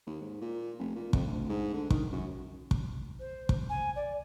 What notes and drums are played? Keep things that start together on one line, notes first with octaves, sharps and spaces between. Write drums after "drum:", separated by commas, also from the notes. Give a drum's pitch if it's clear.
D#2
G#2
A#2
F1
A#2
F2, drum: kick
D2
G#2
D3
D#3, drum: kick
F#2
drum: kick
C5
drum: kick
G#5
D5